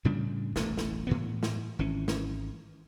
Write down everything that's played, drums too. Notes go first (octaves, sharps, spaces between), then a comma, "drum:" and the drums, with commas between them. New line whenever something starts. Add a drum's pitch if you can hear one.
A2 C#3 G3 D4
E1 A1 A3, drum: snare
drum: snare
A2 E3 B3
drum: snare
G#1 E3 C#4
drum: snare